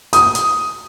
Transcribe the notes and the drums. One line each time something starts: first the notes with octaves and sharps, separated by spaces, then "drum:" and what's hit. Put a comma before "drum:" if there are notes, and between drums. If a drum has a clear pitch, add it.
D#6, drum: hi-hat
drum: hi-hat